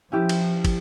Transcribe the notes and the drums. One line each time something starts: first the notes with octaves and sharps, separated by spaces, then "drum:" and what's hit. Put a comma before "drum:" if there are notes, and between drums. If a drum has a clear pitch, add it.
F3 C#4 E4 G4
drum: cymbal
drum: kick, cymbal